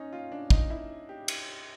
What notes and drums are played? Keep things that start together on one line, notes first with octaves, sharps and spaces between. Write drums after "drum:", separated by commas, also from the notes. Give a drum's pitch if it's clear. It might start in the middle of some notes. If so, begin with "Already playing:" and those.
Already playing: C#4 D#4
F4
D4
D#4, drum: kick
E4
G4
drum: cymbal